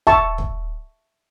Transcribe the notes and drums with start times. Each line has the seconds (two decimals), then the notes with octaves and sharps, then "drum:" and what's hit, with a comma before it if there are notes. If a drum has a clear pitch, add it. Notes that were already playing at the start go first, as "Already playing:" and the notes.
0.07 E5 A5 C#6, drum: kick
0.38 drum: kick